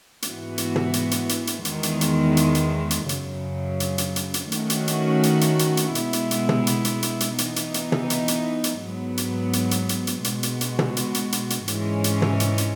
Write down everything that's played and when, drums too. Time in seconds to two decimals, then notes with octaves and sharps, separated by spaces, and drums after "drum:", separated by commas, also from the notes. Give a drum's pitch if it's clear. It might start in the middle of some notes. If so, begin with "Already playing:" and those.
0.22 G#2 E3 B3 F#4, drum: hi-hat
0.58 drum: hi-hat
0.76 drum: tom
0.93 drum: hi-hat
1.11 drum: hi-hat
1.29 drum: hi-hat
1.47 drum: hi-hat
1.65 E2 D#3 G#3, drum: hi-hat
1.83 drum: hi-hat
2.01 drum: hi-hat
2.37 drum: hi-hat
2.55 drum: hi-hat
2.91 drum: hi-hat
3.09 F#2 C#3 F#3, drum: hi-hat
3.80 drum: hi-hat
3.98 drum: hi-hat
4.16 drum: hi-hat
4.34 drum: hi-hat
4.52 D#3 A3 C#4 F#4, drum: hi-hat
4.70 drum: hi-hat
4.88 drum: hi-hat
5.23 drum: hi-hat
5.41 drum: hi-hat
5.59 drum: hi-hat
5.77 drum: hi-hat
5.95 B2 G#3 B3 E4, drum: hi-hat
6.13 drum: hi-hat
6.31 drum: hi-hat
6.49 drum: tom
6.67 drum: hi-hat
6.85 drum: hi-hat
7.03 drum: hi-hat
7.20 drum: hi-hat
7.38 E3 B3 D#4, drum: hi-hat
7.56 drum: hi-hat
7.74 drum: hi-hat
7.92 drum: tom
8.10 drum: hi-hat
8.28 drum: hi-hat
8.64 drum: hi-hat
8.81 G#2 F#3 B3
9.17 drum: hi-hat
9.53 drum: hi-hat
9.71 drum: hi-hat
9.89 drum: hi-hat
10.07 drum: hi-hat
10.24 B2 G#3 B3 F#4, drum: hi-hat
10.43 drum: hi-hat
10.61 drum: hi-hat
10.79 drum: tom
10.97 drum: hi-hat
11.15 drum: hi-hat
11.32 drum: hi-hat
11.50 drum: hi-hat
11.68 G#2 E3 G#3 C#4, drum: hi-hat
12.04 drum: hi-hat
12.22 drum: tom
12.40 drum: hi-hat
12.58 drum: hi-hat